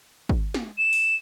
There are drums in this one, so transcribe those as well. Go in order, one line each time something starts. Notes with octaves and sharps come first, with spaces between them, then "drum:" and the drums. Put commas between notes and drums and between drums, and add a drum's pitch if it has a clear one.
drum: kick
drum: snare
E7
drum: open hi-hat